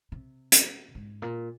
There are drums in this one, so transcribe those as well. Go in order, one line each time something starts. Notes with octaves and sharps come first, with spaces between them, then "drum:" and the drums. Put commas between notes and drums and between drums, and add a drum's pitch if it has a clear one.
C3
drum: hi-hat
G#2
A#2